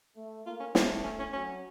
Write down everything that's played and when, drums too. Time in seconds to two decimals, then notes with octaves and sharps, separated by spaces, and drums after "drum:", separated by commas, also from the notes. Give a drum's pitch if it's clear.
0.16 A3
0.46 A#3 F4
0.60 C#4
0.75 A3 C4, drum: snare
1.04 C#4
1.19 C#4
1.33 F#3 C#4